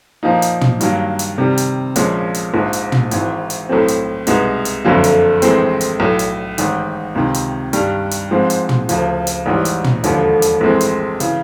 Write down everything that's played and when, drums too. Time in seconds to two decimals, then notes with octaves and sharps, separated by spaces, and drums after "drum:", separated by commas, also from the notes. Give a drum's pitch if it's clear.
0.23 A#2 F3 A#3 D#4
0.42 drum: hi-hat
0.61 drum: tom
0.81 G2 D#3 F#3 A#3, drum: hi-hat
1.19 drum: hi-hat
1.38 C3 D#3 G3
1.58 drum: hi-hat
1.96 A#1 A#2 F3 G#3 C#4, drum: hi-hat
2.34 drum: hi-hat
2.54 A#1 G#2 F3
2.73 drum: hi-hat
2.92 drum: tom
3.11 G#1 G#2 E3, drum: hi-hat
3.50 drum: hi-hat
3.69 B1 A2 F#3 A3 C4
3.88 drum: hi-hat
4.27 C2 B2 G#3 B3 D#4, drum: hi-hat
4.65 drum: hi-hat
4.85 F#1 F2 D3 F#3 A#3
5.04 drum: hi-hat
5.42 A#1 A2 E3 G#3 C4, drum: hi-hat
5.81 drum: hi-hat
6.00 B1 A2 F#3
6.19 drum: hi-hat
6.58 A1 G#2 D#3, drum: hi-hat
7.15 C#2 C3 D#3
7.34 drum: hi-hat
7.73 G2 D#3 G3, drum: hi-hat
8.11 drum: hi-hat
8.31 G#2 F3 G#3 C4
8.50 drum: hi-hat
8.69 drum: tom
8.89 D2 C#3 F3, drum: hi-hat
9.27 drum: hi-hat
9.46 A1 G#2 E3 G3
9.65 drum: hi-hat
9.84 drum: tom
10.04 E1 D#2 D3 F3, drum: hi-hat
10.42 drum: hi-hat
10.61 A#1 A2 E3 G#3 C4
10.81 drum: hi-hat
11.20 C#3 E3, drum: hi-hat